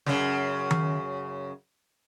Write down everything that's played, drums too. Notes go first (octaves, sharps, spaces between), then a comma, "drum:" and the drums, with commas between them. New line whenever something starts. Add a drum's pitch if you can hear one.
F#2 C#3, drum: snare
drum: tom D#3